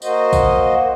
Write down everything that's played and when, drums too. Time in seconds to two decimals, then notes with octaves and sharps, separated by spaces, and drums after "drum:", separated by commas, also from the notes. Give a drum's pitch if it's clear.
0.02 A#3 F#4 C5 D#5, drum: tambourine
0.33 drum: kick A#1, tambourine